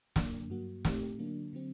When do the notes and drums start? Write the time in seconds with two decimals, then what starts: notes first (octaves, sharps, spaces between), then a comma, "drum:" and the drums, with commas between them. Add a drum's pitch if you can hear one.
0.16 F#2 D3 F#3 A#3 D4, drum: snare
0.50 G2 F#3 A#3 F#4
0.85 A2 A3 C4 D#4 G4, drum: snare
1.18 D3 F#3 A#3 D4
1.53 D3 F#3 C4